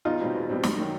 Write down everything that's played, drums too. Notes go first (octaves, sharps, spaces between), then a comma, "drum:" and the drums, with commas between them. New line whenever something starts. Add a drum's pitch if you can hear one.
E2 D#4 F4
B2 G3 C4
E2
B2 G3 C4
F#2, drum: snare
D#3 F#3